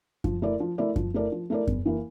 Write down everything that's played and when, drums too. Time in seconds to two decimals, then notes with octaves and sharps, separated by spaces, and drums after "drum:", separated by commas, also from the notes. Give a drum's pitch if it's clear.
0.24 F3, drum: kick F#2
0.42 A3 E4 A#4 D5
0.60 F3
0.78 A3 E4 A#4 D5
0.96 F3, drum: kick F#2
1.14 A3 E4 A#4 D5
1.32 F3
1.50 A3 E4 A#4 D5
1.67 E2, drum: kick F#2
1.86 E3 A#3